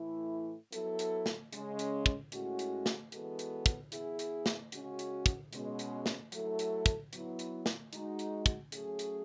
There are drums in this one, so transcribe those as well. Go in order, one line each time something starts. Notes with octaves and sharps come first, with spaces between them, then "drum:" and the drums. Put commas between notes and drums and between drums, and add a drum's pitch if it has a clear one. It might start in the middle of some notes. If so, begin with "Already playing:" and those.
Already playing: A2 E3 A3 E4
F#3 B3 E4 A4, drum: hi-hat
drum: hi-hat
drum: snare
C#3 G#3 C#4, drum: hi-hat
drum: hi-hat
drum: kick
A2 G#3 C#4 F#4, drum: hi-hat
drum: hi-hat
drum: snare
E3 G#3 B3 F#4 A4, drum: hi-hat
drum: hi-hat
drum: kick, hi-hat
E3 B3 E4 G#4, drum: hi-hat
drum: hi-hat
drum: snare
C#3 G#3 C#4 F#4, drum: hi-hat
drum: hi-hat
drum: kick, hi-hat
B2 G#3 C#4, drum: hi-hat
drum: hi-hat
drum: snare
F#3 A3 E4 A4, drum: hi-hat
drum: hi-hat
drum: kick, hi-hat
F#3 B3 E4, drum: hi-hat
drum: hi-hat
drum: snare
G#3 D#4 F#4, drum: hi-hat
drum: hi-hat
drum: kick, hi-hat
F#3 A3 C#4 G#4, drum: hi-hat
drum: hi-hat